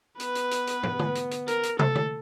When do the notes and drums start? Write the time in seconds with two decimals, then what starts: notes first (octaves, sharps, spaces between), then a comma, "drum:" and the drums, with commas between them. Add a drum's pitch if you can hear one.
0.20 B3 B4, drum: hi-hat
0.35 drum: hi-hat
0.51 drum: hi-hat
0.67 drum: hi-hat
0.83 drum: tom
0.99 drum: tom D3
1.15 drum: hi-hat
1.31 drum: hi-hat
1.48 A#4, drum: hi-hat
1.63 drum: hi-hat
1.79 A4, drum: tom
1.95 drum: tom D3